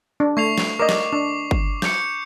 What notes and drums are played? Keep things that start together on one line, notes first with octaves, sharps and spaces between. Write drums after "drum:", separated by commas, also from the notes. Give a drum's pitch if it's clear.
D4
A3 C#6 C7 F7
drum: snare
A#4 D5 D#5 D6
drum: snare
D4 D6
drum: kick G1
G6 C#7, drum: snare